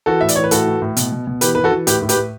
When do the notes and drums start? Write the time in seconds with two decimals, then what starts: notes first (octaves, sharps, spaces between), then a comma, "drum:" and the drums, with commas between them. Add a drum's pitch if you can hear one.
0.06 E3 F#4 A4
0.21 A2 E5
0.29 D5, drum: hi-hat
0.36 E3 C#5
0.44 B4
0.51 A2 F#4 A4, drum: hi-hat
0.67 E3
0.82 A2
0.97 B2, drum: hi-hat
1.12 B2
1.27 B2
1.41 E3 G4 B4, drum: hi-hat
1.55 E3 B4
1.64 F#4 A4
1.72 E3
1.87 A2 G4 B4, drum: hi-hat
2.02 A2
2.09 G4 B4, drum: hi-hat
2.16 A2